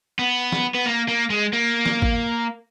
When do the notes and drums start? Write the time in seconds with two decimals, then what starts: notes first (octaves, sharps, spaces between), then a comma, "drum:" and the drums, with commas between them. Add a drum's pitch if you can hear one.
0.19 B3
0.52 drum: snare
0.75 B3
0.86 A#3
1.08 A#3
1.30 G#3
1.53 A#3
1.86 drum: snare
2.02 drum: kick